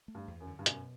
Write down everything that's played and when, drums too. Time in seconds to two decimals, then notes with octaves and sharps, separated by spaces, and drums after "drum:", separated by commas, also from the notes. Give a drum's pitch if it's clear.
0.08 A3
0.15 G2
0.28 E2
0.40 F#2
0.47 D3
0.59 G2
0.66 F#2 B2, drum: hi-hat